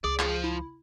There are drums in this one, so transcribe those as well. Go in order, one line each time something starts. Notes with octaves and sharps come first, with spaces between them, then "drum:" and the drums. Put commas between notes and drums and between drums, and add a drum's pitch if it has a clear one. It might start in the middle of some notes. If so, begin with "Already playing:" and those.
C#2 G#4 D5
F3 F4, drum: clap
E4